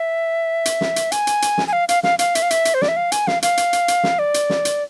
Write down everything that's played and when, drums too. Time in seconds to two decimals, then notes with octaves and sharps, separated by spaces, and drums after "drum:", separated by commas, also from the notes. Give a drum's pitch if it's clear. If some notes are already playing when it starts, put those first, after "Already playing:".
Already playing: E5
0.65 drum: hi-hat
0.81 drum: snare
0.96 drum: hi-hat
1.12 G#5, drum: hi-hat
1.27 drum: hi-hat
1.42 drum: hi-hat
1.58 drum: snare
1.68 G#5
1.73 F5
1.89 F5, drum: hi-hat
2.03 F5, drum: snare
2.19 F5, drum: hi-hat
2.35 E5, drum: hi-hat
2.42 F5
2.50 E5, drum: hi-hat
2.65 drum: hi-hat
2.74 C5
2.82 D5, drum: snare
2.88 E5
2.97 F5
3.12 G#5, drum: hi-hat
3.27 F5, drum: snare
3.42 F5, drum: hi-hat
3.57 drum: hi-hat
3.73 drum: hi-hat
3.88 drum: hi-hat
4.03 drum: snare
4.19 D5
4.34 drum: hi-hat
4.50 drum: snare
4.65 drum: hi-hat